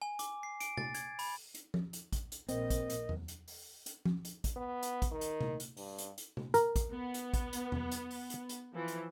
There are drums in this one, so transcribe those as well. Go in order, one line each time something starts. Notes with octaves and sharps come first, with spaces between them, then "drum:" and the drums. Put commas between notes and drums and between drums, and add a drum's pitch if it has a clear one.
G#5
D6, drum: hi-hat
C7
D7, drum: hi-hat
A6, drum: tom C3
G#6, drum: hi-hat
B5, drum: open hi-hat
drum: hi-hat
drum: tom F3
drum: hi-hat
drum: kick A1, hi-hat
drum: hi-hat
A#1 C4 A#4 D#5, drum: hi-hat
drum: kick A1, hi-hat
drum: hi-hat
drum: tom E2
drum: hi-hat
drum: open hi-hat
drum: hi-hat
drum: tom F3
drum: hi-hat
drum: kick A1, hi-hat
B3
drum: hi-hat
drum: kick A1, hi-hat
D#3
drum: hi-hat
drum: tom C3
drum: hi-hat
G2, drum: open hi-hat
drum: hi-hat
drum: hi-hat
drum: tom C3
A#4, drum: hi-hat
drum: kick A1, hi-hat
B3
drum: hi-hat
drum: kick A1, hi-hat
drum: hi-hat
drum: tom E2
drum: hi-hat
drum: open hi-hat
drum: hi-hat
drum: hi-hat
E3 F3
drum: hi-hat